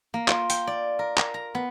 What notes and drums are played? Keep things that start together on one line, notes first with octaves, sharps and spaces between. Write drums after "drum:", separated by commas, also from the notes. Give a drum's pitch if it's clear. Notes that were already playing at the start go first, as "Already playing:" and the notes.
A#3
F4, drum: clap
G5, drum: hi-hat
D5
A#4
A#4, drum: clap
A#5
B3